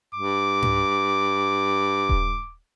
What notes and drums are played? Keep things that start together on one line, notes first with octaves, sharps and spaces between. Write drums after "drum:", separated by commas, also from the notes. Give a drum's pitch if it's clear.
G2 D6
drum: tom G#2
drum: kick D#1